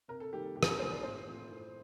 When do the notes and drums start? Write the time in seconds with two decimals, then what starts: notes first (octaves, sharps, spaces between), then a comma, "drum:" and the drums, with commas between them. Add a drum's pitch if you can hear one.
0.08 C3 A#4
0.20 A4
0.32 D#3 G3 A#3 G4
0.44 A4
0.56 C3 G4
0.63 A4, drum: rim click
0.67 A#4
0.79 D#3 G3 A#3 C5
0.91 D5
1.03 A2 C5
1.27 F3 A3 C4
1.51 A2